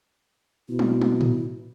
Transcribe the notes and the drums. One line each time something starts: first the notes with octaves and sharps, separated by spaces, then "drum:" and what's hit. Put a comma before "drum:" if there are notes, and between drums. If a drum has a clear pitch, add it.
B2 E4
drum: tom
drum: tom
drum: tom A2